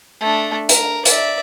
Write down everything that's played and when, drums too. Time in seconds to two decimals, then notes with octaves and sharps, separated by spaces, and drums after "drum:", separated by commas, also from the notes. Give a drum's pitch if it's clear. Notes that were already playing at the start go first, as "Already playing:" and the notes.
0.21 A3 D4
0.69 A#4, drum: hi-hat
1.05 D5 E5, drum: hi-hat